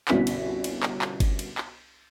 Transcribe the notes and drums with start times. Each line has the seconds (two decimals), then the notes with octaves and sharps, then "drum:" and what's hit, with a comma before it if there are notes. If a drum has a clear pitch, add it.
0.08 G1 C2 B2 C#4 E4 B6, drum: clap
0.27 drum: cymbal
0.64 drum: cymbal
0.83 drum: clap
1.02 drum: clap
1.20 drum: kick G1, cymbal
1.39 drum: cymbal
1.58 drum: clap